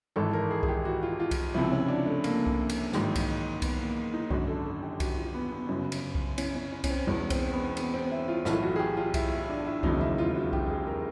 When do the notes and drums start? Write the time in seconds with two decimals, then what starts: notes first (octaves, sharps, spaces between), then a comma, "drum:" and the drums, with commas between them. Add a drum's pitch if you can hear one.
0.16 G#1 G#2 E3 A4
0.33 A#4
0.51 G#4
0.63 G#4, drum: kick C2
0.68 G4
0.85 F#4
1.03 F4
1.20 F4
1.31 drum: kick C2, cymbal
1.54 C#2 C3 F3 E4
1.72 C#4
1.88 D4
2.06 A3
2.24 A#3, drum: cymbal
2.46 drum: kick C2
2.69 drum: cymbal
2.92 A1 G#2 D#3 F#3, drum: snare
3.16 drum: kick C2, cymbal
3.62 B3, drum: kick C2, cymbal
3.79 A#3
4.13 D#4
4.31 G#1 F#2 D3 F#4, drum: kick C2
4.48 A4
4.65 A4
4.82 G4
5.00 F#4, drum: kick C2, cymbal
5.17 F4
5.34 B3
5.52 B3
5.69 G1 F#2 C#3 F#3
5.92 drum: cymbal
6.15 drum: kick C2
6.38 C#4, drum: cymbal
6.55 C#4
6.72 C#4
6.84 C#4, drum: kick C2, cymbal
6.90 C4
7.07 E1 E2 B2 C#4
7.30 C4, drum: kick C2, cymbal
7.53 B3
7.77 B3, drum: cymbal
7.94 C4
8.11 E4
8.28 F4
8.45 B1 A2 E3 F4, drum: snare
8.63 F#4
8.76 G#4
8.79 G4
8.97 F4
9.14 E4, drum: kick C2, cymbal
9.32 E4
9.49 D4
9.66 E4
9.83 E1 D#2 C#3 F#3 D#4, drum: kick C2
10.01 E4
10.18 F4
10.35 F#4
10.53 G4, drum: kick C2
10.70 G#4
10.87 A#4